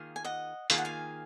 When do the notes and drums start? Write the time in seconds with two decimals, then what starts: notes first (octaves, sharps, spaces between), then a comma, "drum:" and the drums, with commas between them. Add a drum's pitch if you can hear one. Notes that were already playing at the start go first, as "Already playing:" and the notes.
Already playing: D#3 A#3 F4 G#4
0.16 G#5
0.25 D#5 F#5
0.70 D#3 A#3 F4 G#4 G#5, drum: hi-hat
0.78 F#5
0.85 F5 G#5